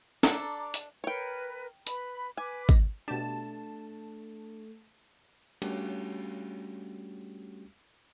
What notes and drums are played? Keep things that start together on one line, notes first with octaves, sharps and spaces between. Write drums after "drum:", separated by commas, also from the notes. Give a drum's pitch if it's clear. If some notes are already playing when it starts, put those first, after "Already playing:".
D4 A4 A#5 D6, drum: snare
drum: hi-hat
A#4 B4 C#5 G5
B4 B5, drum: hi-hat
B4 G#5 D6
D#5, drum: kick G#1
B2 A3 D4 G4 A5
G3 A3 C#4 D4 F#4 G4, drum: cymbal